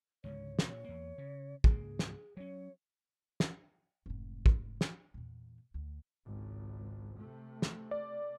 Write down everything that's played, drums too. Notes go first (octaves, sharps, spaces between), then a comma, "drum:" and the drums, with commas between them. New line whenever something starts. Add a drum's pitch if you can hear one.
C#2 G#2 D3 C#5
drum: snare
A#2 C#5
E2 A#3
C#3
C#2 G#2 A#3 G#4, drum: kick
drum: snare
F#3 C#4 C#5
drum: snare
F1 G#2
drum: kick
drum: snare
E2 A#2
D2
G#1 C#2
C3 A3
drum: snare
D5